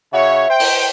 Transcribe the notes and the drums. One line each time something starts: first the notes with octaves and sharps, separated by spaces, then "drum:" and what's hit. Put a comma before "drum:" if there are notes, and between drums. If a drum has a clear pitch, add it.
C#3 F#4 C#5 E5
C5 G5
drum: open hi-hat